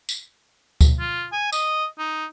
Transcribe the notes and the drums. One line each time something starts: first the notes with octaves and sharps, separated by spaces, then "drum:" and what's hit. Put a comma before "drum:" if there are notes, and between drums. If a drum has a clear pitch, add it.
drum: tambourine
drum: kick D2, tambourine
F4
G#5
D#5, drum: tambourine
D#4